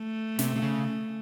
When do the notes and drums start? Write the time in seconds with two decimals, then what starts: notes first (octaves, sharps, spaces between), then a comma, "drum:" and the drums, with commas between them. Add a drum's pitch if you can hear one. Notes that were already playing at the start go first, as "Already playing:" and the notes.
Already playing: A3
0.39 C3, drum: snare
0.56 C3
0.62 C#3